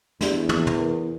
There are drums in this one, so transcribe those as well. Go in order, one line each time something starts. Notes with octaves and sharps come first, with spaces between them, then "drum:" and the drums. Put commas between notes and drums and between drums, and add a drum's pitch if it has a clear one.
E2 D4 G4 D5, drum: snare
drum: tom
drum: tom
A#4